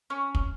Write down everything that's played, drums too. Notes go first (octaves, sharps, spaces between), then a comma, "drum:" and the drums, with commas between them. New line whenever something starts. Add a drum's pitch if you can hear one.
C#4
drum: kick